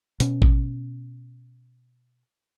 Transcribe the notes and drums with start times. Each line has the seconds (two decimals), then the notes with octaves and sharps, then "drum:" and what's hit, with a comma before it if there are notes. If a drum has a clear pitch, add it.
0.20 B2 C#4, drum: hi-hat
0.42 drum: kick A1